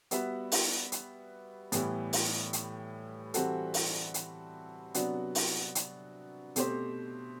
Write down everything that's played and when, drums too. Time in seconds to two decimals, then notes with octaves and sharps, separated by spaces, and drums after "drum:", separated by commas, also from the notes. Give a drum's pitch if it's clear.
0.11 G3 B3 F#4 B4 E5, drum: hi-hat
0.52 drum: open hi-hat
0.92 drum: hi-hat
1.72 A2 E3 G3 B3, drum: hi-hat
2.13 drum: open hi-hat
2.53 drum: hi-hat
3.34 E3 G3 C4 F#4 A4, drum: hi-hat
3.74 drum: open hi-hat
4.14 drum: hi-hat
4.94 C3 F#3 B3 D4 F#4, drum: hi-hat
5.35 drum: open hi-hat
5.75 drum: hi-hat
6.56 B2 A3 C4 G4 C5, drum: hi-hat